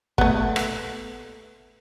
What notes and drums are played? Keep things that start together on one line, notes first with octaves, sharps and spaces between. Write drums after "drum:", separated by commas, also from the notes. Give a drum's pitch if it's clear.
A3 B3, drum: kick
drum: rim click